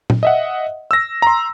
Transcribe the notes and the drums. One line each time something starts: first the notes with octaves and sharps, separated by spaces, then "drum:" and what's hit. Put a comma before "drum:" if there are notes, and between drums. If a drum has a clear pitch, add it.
drum: tom A#2
D#5 E5 F#5
E6 A#6
A#5 C6